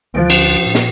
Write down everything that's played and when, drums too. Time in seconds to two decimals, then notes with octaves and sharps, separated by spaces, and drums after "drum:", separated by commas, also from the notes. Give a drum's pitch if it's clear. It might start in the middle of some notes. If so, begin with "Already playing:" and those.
0.15 D2 D3 F3
0.30 drum: cymbal
0.66 A2
0.75 A#2, drum: snare